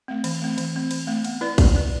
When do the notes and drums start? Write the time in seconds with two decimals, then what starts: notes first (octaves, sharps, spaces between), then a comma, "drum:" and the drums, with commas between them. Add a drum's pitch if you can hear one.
0.08 A3 C4
0.24 E3, drum: cymbal
0.42 A3 C4
0.58 E3, drum: cymbal
0.74 A3 C4
0.91 E3, drum: cymbal
1.07 A3 C4
1.25 B3, drum: cymbal
1.41 E4 B4 D5
1.58 B3, drum: kick, cymbal
1.74 E4 B4 D5